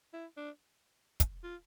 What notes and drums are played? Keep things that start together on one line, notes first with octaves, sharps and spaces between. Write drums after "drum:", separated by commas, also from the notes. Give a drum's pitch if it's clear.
E4
D4
drum: kick, hi-hat
F4